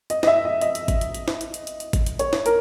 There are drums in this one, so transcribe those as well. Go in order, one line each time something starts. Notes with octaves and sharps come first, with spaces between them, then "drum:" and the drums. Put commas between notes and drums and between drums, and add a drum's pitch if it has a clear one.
D#5, drum: hi-hat
D#5, drum: snare
E5
D#5
D#5, drum: hi-hat
drum: hi-hat
drum: kick G#1, hi-hat
drum: hi-hat
drum: hi-hat
drum: snare
drum: hi-hat
drum: hi-hat
drum: hi-hat
drum: hi-hat
drum: kick G#1, hi-hat
drum: hi-hat
C#5, drum: hi-hat
drum: snare
A#4, drum: hi-hat